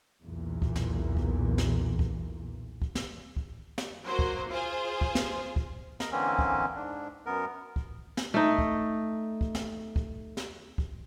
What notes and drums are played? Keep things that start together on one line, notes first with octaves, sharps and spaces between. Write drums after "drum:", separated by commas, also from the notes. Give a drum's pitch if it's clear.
B1 E2 A#2
drum: kick
drum: snare
drum: kick
drum: snare
drum: kick
drum: kick
drum: snare
drum: kick
drum: snare
F#3 A#3 C5
drum: kick
F4 G#4 C5
drum: kick
drum: snare
drum: kick
A#4 D#5, drum: snare
D3 E3 A#3 C4 C#4
drum: kick
G#2 D4
F#2 B3 A#4
drum: kick
drum: snare
A3 D#4
drum: kick
drum: kick
drum: snare
drum: kick
drum: snare
drum: kick